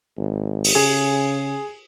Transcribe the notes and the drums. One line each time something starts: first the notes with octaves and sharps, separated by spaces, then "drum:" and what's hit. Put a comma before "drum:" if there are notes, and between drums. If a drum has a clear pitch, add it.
G#1
drum: open hi-hat
C#3 G#4